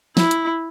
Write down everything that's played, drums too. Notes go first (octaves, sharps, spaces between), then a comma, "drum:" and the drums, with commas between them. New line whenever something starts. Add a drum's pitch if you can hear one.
E4, drum: snare
drum: hi-hat